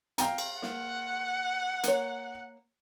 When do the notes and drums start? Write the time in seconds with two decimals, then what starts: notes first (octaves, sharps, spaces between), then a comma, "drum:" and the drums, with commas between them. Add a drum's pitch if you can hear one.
0.18 F5 G5 A#5, drum: hi-hat
0.38 drum: cymbal
0.62 A#3 F#5, drum: snare
1.83 A#3 C#5, drum: hi-hat